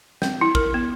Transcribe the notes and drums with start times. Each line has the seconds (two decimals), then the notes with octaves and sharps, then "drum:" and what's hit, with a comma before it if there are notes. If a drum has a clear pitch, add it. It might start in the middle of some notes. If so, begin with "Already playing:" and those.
0.22 C4, drum: snare
0.41 E4
0.55 A#4, drum: kick
0.74 B3